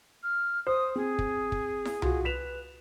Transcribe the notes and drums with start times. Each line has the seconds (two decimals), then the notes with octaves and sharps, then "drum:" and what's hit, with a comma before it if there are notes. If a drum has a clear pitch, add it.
0.23 F6
0.67 C5 D#6
0.96 C4 G#4
1.19 drum: kick
1.52 drum: kick
1.85 drum: snare E4
2.02 F4 F#4, drum: tom C2
2.25 B4 B6 E7 F7